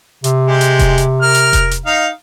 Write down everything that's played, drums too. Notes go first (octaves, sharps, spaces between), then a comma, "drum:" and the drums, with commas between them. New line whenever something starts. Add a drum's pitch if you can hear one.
C3, drum: hi-hat
G#3 G4
drum: hi-hat
drum: kick E1, hi-hat
drum: hi-hat
A#4 F6
drum: hi-hat
drum: kick E1, hi-hat
drum: hi-hat
D#4 F5